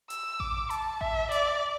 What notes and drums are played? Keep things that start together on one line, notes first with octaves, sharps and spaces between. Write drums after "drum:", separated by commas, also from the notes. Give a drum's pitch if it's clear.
E6, drum: hi-hat
D6, drum: kick A1
A5, drum: hi-hat
E5, drum: kick A1
D5, drum: hi-hat